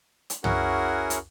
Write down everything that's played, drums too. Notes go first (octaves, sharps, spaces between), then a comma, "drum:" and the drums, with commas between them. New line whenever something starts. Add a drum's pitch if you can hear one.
drum: hi-hat
C#4 E4 F#4 G#4 A#4 F#5, drum: tom
drum: hi-hat